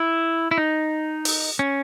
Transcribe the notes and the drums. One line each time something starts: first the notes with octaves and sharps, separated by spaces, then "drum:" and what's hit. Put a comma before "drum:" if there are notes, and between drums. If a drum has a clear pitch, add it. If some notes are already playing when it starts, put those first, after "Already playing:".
Already playing: E4
E4
D#4
drum: open hi-hat
C#4